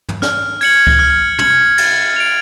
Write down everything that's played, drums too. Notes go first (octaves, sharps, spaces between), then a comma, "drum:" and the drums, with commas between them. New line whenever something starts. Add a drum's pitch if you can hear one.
drum: tom
F6, drum: snare
G#6 C#7 F#7, drum: open hi-hat
drum: kick C#2
F6
G#6 C#7 F#7, drum: tom
A6, drum: cymbal
D7 F7